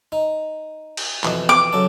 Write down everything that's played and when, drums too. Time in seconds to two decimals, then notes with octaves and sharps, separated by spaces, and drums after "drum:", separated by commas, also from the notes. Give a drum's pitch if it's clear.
0.12 D#4
0.97 drum: cymbal
1.24 F2 B2 E3, drum: clap
1.49 D6
1.73 C#3 F#3 A4